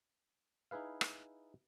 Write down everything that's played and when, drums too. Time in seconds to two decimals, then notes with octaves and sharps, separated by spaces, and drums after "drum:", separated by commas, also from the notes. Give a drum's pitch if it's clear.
0.71 D#4 E4 G#4 B4 F5
1.01 drum: rim click